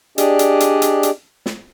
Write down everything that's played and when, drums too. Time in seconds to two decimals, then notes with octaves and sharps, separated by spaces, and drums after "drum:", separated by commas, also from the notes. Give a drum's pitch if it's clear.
0.18 D4 G4 G#4 D5 D#5, drum: hi-hat
0.39 drum: hi-hat
0.60 drum: hi-hat
0.82 drum: hi-hat
1.03 drum: hi-hat
1.46 drum: snare